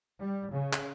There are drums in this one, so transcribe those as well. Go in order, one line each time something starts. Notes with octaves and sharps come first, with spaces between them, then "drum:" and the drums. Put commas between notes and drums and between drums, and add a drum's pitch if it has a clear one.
G3
C#3
drum: clap